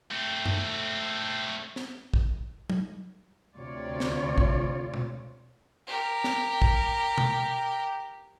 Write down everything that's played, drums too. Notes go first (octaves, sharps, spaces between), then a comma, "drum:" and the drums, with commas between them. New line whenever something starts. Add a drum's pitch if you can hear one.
A3 C4
drum: tom F#2
drum: snare
drum: kick
drum: tom F#3
D2 C3 F4 C#5 D5
drum: snare
drum: kick
drum: tom
G4 A#4
drum: snare
drum: kick
drum: tom